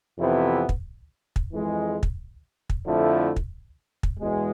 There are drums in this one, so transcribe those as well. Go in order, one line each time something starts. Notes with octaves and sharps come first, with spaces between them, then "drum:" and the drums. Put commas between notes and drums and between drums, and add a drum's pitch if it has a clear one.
F2 C3 E3 B3 E4
drum: kick
drum: kick
F2 E3 G#3
drum: kick
drum: kick
F2 D3 F3 A3 E4
drum: kick
drum: kick
E2 B2 G#3